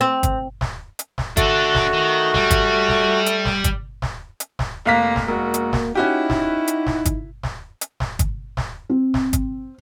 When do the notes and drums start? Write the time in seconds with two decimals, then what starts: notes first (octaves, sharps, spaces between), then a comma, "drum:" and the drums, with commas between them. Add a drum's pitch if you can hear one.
0.01 C4
0.23 drum: kick G1, hi-hat
0.61 drum: snare
0.99 drum: hi-hat
1.18 drum: snare
1.37 A3 D4 F#4 A4, drum: kick G1, hi-hat
1.75 drum: snare
1.93 D#3
2.34 G3, drum: snare
2.51 drum: kick G1, hi-hat
2.88 drum: snare
3.26 drum: hi-hat
3.45 drum: snare
3.64 drum: kick G1, hi-hat
4.02 drum: snare
4.40 drum: hi-hat
4.59 drum: snare
4.86 F1 A#3 F5 B6
5.16 drum: snare
5.28 E1 A#3 F#4
5.54 drum: hi-hat
5.73 drum: snare
5.95 C#4 D#4 E4 F#4 G4
6.30 drum: snare
6.68 drum: hi-hat
6.86 drum: snare
7.05 drum: kick G1, hi-hat
7.43 drum: snare
7.81 drum: hi-hat
8.00 drum: snare
8.19 drum: kick G1, hi-hat
8.57 drum: snare
8.90 C4
9.14 drum: snare
9.33 drum: kick G1, hi-hat